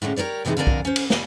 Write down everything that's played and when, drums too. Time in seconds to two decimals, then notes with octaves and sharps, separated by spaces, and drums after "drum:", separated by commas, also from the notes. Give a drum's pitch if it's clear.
0.02 A2 D3 G#3 C#4
0.16 G4 A#4 B4 C#5 D5
0.45 A2 C3 E3 G#3 D#4 A4
0.57 F2 D3 A#3 A#4 D5 G#5
0.67 drum: kick B1
0.85 C#4 C5
0.96 drum: cymbal
1.10 G3 G#5, drum: snare